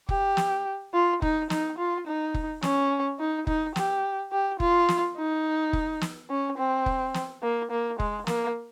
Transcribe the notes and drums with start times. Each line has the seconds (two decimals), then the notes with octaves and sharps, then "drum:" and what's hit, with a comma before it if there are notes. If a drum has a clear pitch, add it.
0.09 G4, drum: kick F1
0.37 drum: snare
0.94 F4
1.22 D#4, drum: kick F1
1.50 D#4, drum: snare
1.78 F4
2.07 D#4
2.34 drum: kick F1
2.62 C#4, drum: snare
3.19 D#4
3.47 D#4, drum: kick F1
3.76 G4, drum: snare
4.32 G4
4.60 F4, drum: kick F1
4.88 drum: snare
5.17 D#4
5.73 drum: kick F1
6.01 drum: snare
6.30 C#4
6.58 C4
6.86 drum: kick F1
7.14 drum: snare
7.42 A#3
7.71 A#3
8.00 G#3, drum: kick F1
8.27 A#3, drum: snare